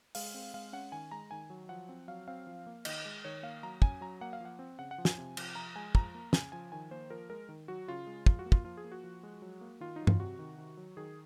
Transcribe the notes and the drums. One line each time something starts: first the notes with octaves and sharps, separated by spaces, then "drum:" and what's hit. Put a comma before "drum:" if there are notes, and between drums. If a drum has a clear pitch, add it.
G#3 F5, drum: open hi-hat
C4
G#3 F5
C#4 F#5
D#3 G#5
G#3 A#5
D#3 G#5
F#3
F3 F#5
C4
F#3 F5
C4 F5
F3
A#3
D#3 D#5, drum: cymbal
G#3
D#3 C#5
A#3 F5
F#3 A#5
C#4 G#5, drum: kick
F#3 A#5
A#3 F#5
F5
F3 F#5
C4
C#3 F#5
F#5
F3
G#5, drum: snare
C3
F3, drum: cymbal
F3 A#5
G#3 G#5
F3 A#5, drum: kick
A#3
C#3 G#5, drum: snare
F3 G#5
D#3 G#5
A#3 C5
F3 A#4
G#3 A#4
D#3
F#3 F#4
C#3 F4
G#3
F3 F4, drum: kick
F#4
A#3
F4, drum: kick
F3 F4
G#4
A#3
F#4
F3
G#3
F#3
A#3
D#3 F4
F#3 D#4
F4, drum: tom G2
C3 F#4
D#3
D#3
F#3
D#3 G#4